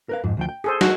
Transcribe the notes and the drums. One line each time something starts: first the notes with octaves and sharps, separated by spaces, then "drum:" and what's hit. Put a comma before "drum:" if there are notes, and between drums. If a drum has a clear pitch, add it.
A#4 B4 F5
F2 G#2
D2 F3 G5
G5
G#4 A4 C5
F#4, drum: snare